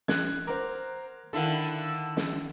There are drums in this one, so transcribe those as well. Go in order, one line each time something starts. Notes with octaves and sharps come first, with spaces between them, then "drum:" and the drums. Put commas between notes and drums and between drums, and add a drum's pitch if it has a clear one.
F#6 G#6, drum: snare
A#4 C5 F#5 A#5 D6
D3 D#3 E4 A4 F5 F#5 B5
drum: snare